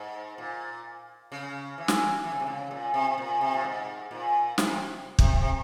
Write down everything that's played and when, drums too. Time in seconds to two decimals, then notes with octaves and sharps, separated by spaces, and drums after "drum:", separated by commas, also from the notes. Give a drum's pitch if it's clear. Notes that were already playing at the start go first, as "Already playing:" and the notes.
Already playing: G#2
0.38 A#2
1.32 C#3
1.78 E3
1.88 drum: snare
2.24 E3
2.32 C#3
2.40 C3
2.46 C#3
2.71 A#2
2.94 C3
3.18 A#2
3.41 C3
3.54 A#2
3.64 G#2
4.11 A#2
4.58 C3, drum: snare
5.19 C3, drum: kick
5.41 C3